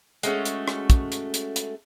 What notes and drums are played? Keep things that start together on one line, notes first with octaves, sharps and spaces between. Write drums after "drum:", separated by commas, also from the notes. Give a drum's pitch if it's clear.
G#3 A3 C#4 F#4, drum: hi-hat
drum: hi-hat
drum: rim click
drum: kick, hi-hat
drum: hi-hat
drum: hi-hat
drum: hi-hat